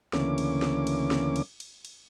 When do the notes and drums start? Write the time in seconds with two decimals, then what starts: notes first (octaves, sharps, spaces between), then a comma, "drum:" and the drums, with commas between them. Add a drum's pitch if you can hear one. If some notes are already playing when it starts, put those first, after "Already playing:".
0.13 D2 C#3 E3 A#3 C#4 D6, drum: snare
0.38 drum: cymbal
0.62 drum: snare
0.87 drum: cymbal
1.11 drum: snare
1.36 drum: cymbal
1.60 drum: cymbal
1.85 drum: cymbal